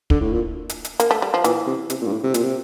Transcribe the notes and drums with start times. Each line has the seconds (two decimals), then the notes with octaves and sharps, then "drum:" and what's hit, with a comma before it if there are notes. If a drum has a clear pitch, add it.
0.10 D3, drum: kick
0.21 A2
0.33 A#2
0.69 drum: hi-hat
0.84 drum: hi-hat
1.00 A#3, drum: hi-hat
1.11 A3
1.22 G3
1.34 F3
1.44 A#2 E3, drum: hi-hat
1.67 C3
1.90 C3, drum: hi-hat
2.01 A#2
2.07 G2
2.12 A2
2.23 C3
2.34 A#2, drum: hi-hat
2.43 C3